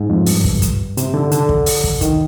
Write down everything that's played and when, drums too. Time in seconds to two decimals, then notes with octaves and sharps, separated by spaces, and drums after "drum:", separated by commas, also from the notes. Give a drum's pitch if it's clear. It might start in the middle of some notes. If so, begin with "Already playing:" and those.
Already playing: G#2
0.09 F2
0.26 G2, drum: open hi-hat
0.44 drum: kick
0.62 drum: kick, hi-hat
0.97 C3, drum: hi-hat
1.14 D3
1.31 D3, drum: hi-hat
1.49 drum: kick
1.66 drum: open hi-hat
1.84 drum: kick
2.01 D#3, drum: kick, hi-hat